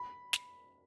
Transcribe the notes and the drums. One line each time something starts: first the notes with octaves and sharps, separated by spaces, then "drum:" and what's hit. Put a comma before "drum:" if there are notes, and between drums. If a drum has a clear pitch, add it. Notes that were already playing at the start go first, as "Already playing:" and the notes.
Already playing: B5
drum: snare